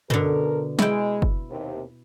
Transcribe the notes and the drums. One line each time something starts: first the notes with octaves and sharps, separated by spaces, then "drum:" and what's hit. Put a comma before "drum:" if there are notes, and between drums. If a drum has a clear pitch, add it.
B2 D3 A4 A#4, drum: tom
G#3 E4 G5, drum: snare
drum: kick F#1
D#2 C3